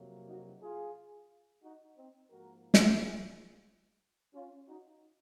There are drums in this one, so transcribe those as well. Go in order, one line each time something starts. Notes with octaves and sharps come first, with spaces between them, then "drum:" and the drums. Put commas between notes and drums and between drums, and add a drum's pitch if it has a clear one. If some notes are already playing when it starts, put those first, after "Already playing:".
Already playing: F2 C3 F#3 A#3
D#4 F#4
F4 G#4
D#4 F#4
C4 D#4
G#2 F3 A#3 F#4 A#4
drum: snare
F4 G#4
C#4 F4
D#4 F#4